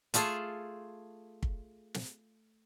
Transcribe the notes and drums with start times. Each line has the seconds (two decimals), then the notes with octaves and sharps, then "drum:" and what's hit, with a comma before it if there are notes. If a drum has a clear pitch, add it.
0.14 A3 F4 G#4 A4, drum: hi-hat
1.43 drum: kick
1.94 drum: snare